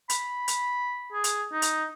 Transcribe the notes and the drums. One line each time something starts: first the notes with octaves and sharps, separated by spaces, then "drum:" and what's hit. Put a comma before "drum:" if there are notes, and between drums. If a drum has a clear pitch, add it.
B5, drum: hi-hat
drum: hi-hat
G#4
drum: hi-hat
D#4
drum: hi-hat